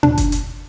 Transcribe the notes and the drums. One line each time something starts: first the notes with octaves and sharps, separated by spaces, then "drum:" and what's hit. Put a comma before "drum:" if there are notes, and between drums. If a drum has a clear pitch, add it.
D4, drum: tom A#2
drum: kick F#1, hi-hat
drum: hi-hat